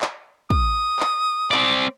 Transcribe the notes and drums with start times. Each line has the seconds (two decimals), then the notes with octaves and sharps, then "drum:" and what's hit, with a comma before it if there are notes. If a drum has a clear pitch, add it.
0.01 drum: clap
0.50 D#6, drum: kick
1.00 drum: clap
1.51 C4 D5, drum: clap